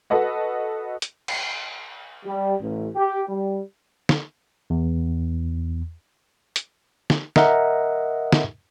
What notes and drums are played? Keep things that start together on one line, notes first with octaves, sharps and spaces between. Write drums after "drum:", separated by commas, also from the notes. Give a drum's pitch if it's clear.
F#4 A4 B4 D#5 F#5
drum: hi-hat
drum: cymbal
G3
A1
G4
G3
drum: snare
E2
drum: hi-hat
drum: snare
A#4 D#5 E5 F#5 A#5, drum: snare
drum: snare